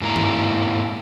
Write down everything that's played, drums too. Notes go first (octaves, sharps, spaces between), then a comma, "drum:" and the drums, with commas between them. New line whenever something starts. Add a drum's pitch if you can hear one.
G#2 A#3 E4 A#5
drum: tom G2